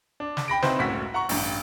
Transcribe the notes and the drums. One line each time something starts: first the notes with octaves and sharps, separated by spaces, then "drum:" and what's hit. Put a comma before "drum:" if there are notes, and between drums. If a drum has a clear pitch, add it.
D4
drum: snare
G5 B5 A#6 D7
C4 D#4 E4 F#4 B4 C5, drum: snare
F#1 C#2 A2 F#4 E6 B6
F#5 A#5 C#6
A1 G2, drum: open hi-hat